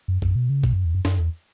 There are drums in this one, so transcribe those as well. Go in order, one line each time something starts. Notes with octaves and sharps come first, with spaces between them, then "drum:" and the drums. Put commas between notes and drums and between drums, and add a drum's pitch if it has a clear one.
F#2
F#2, drum: kick
B2
C#3
B2, drum: kick
F#2
E2
F#2
F#2, drum: snare
E2